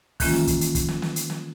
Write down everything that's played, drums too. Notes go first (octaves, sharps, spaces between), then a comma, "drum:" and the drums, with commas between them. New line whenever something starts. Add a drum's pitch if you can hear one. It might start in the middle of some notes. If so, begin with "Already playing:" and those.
D#3 E3 G#3 A#3 C#4 F4, drum: kick, open hi-hat
drum: snare
drum: kick, hi-hat
drum: hi-hat
drum: kick, hi-hat
drum: snare
drum: snare
drum: hi-hat
drum: snare